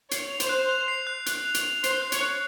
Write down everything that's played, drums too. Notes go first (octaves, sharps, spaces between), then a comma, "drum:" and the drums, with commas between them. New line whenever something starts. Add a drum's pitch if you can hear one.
C#5 C7, drum: hi-hat
F7
C5, drum: hi-hat
F#6
F7
C7
F#6
F#6, drum: hi-hat
F7
drum: hi-hat
F7
C5 C7, drum: hi-hat
F#6
C#5, drum: hi-hat
F#6